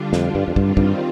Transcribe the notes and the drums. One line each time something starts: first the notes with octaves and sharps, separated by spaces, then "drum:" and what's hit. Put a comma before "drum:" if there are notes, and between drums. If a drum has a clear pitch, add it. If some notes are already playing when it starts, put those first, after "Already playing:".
Already playing: D3 G3 D4 F4
F2, drum: snare
G2
F2
G2 D#3 G3 C4 F4, drum: kick
G2, drum: kick